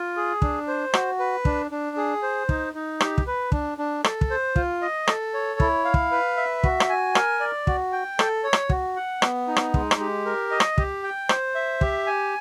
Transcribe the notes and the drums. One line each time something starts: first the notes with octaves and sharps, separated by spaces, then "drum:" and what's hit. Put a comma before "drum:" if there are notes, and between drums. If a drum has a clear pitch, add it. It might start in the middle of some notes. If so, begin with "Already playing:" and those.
Already playing: F4
G#4
D4, drum: kick
C5
F#4, drum: rim click
B4
D4, drum: kick
D4
G#4
C5
D#4, drum: kick
D#4
G4, drum: rim click
drum: kick
B4
D4, drum: kick
D4
A4, drum: rim click
drum: kick
C5
F4, drum: kick
D#5
A4, drum: rim click
C#5
E4, drum: kick
F5
drum: kick
B4
E5
F#4, drum: kick
drum: rim click
G#5
A#4, drum: rim click
D5
F#4, drum: kick
G5
A4, drum: rim click
C#5
drum: rim click
F#4, drum: kick
F#5
B3, drum: rim click
D#4
drum: rim click
G#3, drum: kick
drum: rim click
G4
A#4
D#5
drum: rim click
G4, drum: kick
G5
C5, drum: rim click
E5
G4, drum: kick
G#5